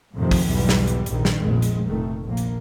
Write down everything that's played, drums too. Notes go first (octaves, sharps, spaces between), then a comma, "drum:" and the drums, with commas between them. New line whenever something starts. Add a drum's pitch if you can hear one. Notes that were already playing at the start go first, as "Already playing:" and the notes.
F2 A2 C3 D#3 F3
drum: kick, open hi-hat
B1 E2 G#2 E3 G3
drum: snare
drum: hi-hat
A#1 D#3, drum: hi-hat
drum: snare
F1 A#1 G#3
drum: hi-hat
F1 A#2 D#3 A3
A#1 A#3
drum: hi-hat